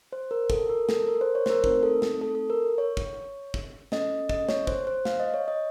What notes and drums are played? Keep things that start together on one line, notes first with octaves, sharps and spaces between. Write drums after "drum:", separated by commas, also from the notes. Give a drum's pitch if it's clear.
C5
A#4
A4, drum: kick
A#4
A4, drum: snare
A#4
C5
C#5
C5, drum: snare
A#4
A3 C4 D#4 A#4, drum: kick
A4
drum: snare
A4
A4
A#4
C#5
drum: kick
drum: kick
C#4 A4 D#5, drum: snare
D#5, drum: kick
C#5, drum: snare
C5, drum: kick
C5
F5, drum: snare
D#5
C#5
D#5